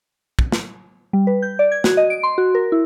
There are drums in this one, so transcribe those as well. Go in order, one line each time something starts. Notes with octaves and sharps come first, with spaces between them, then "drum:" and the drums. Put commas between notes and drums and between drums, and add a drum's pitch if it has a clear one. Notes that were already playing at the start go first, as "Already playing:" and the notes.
drum: kick
drum: snare
G3
B4
G6
D5
G#6
F#4, drum: snare
D#5
D7
C6
F#4
A#4
E4